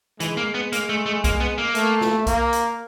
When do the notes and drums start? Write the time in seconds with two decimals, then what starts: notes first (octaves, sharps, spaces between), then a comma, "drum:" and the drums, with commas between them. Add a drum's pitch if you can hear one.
0.20 E3 G#3, drum: hi-hat
0.37 A#3
0.54 B3
0.73 A#3, drum: hi-hat
0.89 A3
1.06 A3
1.24 A#3, drum: kick B1, hi-hat
1.40 B3
1.58 A#3
1.75 A3, drum: hi-hat
2.01 drum: snare
2.27 A#3, drum: kick B1, hi-hat
2.53 drum: hi-hat